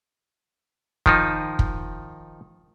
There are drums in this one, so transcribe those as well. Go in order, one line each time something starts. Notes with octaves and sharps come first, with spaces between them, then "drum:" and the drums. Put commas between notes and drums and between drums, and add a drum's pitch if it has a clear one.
D#3 F3 D#4, drum: kick
drum: kick